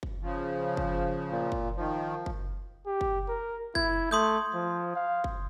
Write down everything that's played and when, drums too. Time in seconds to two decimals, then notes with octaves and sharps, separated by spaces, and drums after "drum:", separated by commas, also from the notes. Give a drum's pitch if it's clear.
0.03 drum: kick F#1
0.22 C#3 F3
0.77 drum: kick F#1
1.31 A#2
1.52 drum: kick F#1
1.77 D#3 F3
2.26 drum: kick F#1
2.86 G4
3.01 drum: kick F#1
3.28 A#4
3.75 E4 G#6, drum: kick F#1
4.11 A3 C6 D#6 G6
4.54 F3
4.96 F5
5.24 drum: kick F#1